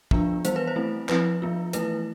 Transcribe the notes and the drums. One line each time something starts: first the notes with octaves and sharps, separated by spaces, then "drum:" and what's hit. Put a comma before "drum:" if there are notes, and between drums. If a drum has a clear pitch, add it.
F3 B3 D4 F4, drum: kick
E3 G3 B3 C5, drum: hi-hat
B4
C5
A3 C4 E4
F3 C4 E4 B4, drum: clap
F3 B3 F4
E3 A3 E4 B4, drum: hi-hat